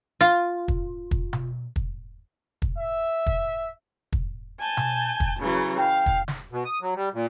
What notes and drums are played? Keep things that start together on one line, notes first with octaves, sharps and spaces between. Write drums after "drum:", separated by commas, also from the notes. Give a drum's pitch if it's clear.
F4
drum: kick
drum: kick
drum: tom B2
drum: kick
drum: kick
E5
drum: kick
drum: kick
G#5 A5 G6
drum: tom B2
drum: kick
C#3 E3 F#3
F5 G5
drum: kick
drum: snare
B2
D#6
F#3
G3
A#2